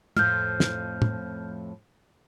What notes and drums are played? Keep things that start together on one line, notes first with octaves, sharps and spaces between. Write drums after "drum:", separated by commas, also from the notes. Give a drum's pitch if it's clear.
F2 A2 F3 F6 G6, drum: tom
drum: snare
drum: tom